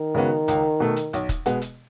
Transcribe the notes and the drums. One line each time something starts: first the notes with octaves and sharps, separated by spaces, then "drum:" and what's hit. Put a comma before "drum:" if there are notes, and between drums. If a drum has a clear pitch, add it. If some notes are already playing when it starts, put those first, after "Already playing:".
Already playing: D#3
C#3 G#3 B3 F#4
C#2, drum: hi-hat
B2 A3
drum: hi-hat
B1, drum: hi-hat
drum: kick, hi-hat
B2 G#3 B3, drum: hi-hat
drum: hi-hat